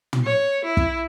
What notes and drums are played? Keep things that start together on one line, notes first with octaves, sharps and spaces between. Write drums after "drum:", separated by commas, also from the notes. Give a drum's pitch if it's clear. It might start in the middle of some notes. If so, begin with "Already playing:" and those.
drum: tom
C#5
E4
drum: kick